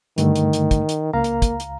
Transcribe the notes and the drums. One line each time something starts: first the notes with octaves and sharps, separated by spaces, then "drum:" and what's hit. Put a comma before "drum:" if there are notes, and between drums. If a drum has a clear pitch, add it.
G2 D3 D#3 A3, drum: hi-hat
drum: hi-hat
drum: hi-hat
drum: kick, hi-hat
drum: hi-hat
C#2 A#3 F5 A#5
drum: hi-hat
drum: kick, hi-hat
drum: hi-hat